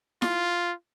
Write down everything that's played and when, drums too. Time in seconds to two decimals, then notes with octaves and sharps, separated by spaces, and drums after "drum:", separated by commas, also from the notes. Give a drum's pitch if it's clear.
0.22 F4, drum: snare E4